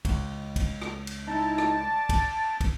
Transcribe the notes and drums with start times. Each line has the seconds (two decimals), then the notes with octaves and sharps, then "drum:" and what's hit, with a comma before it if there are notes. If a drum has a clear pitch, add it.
0.05 C#2, drum: kick, cymbal
0.56 drum: kick, cymbal
0.82 drum: rim click
1.07 drum: cymbal
1.28 D#4 E4 A5
1.58 drum: rim click
1.79 D5
2.09 drum: kick, cymbal
2.61 drum: kick, cymbal